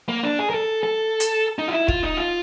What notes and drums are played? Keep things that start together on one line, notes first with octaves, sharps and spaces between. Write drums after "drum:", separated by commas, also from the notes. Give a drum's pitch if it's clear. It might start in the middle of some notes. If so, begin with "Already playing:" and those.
A#3
D4
G#4
A#4
A4
A4
drum: hi-hat
D#4
F4
E4
F4, drum: kick
D#4
F4